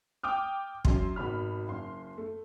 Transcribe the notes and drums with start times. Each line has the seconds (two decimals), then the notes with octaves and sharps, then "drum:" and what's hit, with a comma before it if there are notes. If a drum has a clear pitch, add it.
0.23 G5 D6 D#6 F6
0.85 F#2 C6, drum: kick
1.16 G#1 B2 B5 F6
1.68 F#1 C6
2.18 A3